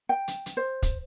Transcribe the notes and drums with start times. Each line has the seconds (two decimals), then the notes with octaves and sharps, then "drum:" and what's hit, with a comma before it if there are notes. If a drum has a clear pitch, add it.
0.09 G5
0.28 drum: hi-hat
0.46 drum: hi-hat
0.57 C5
0.83 drum: kick, hi-hat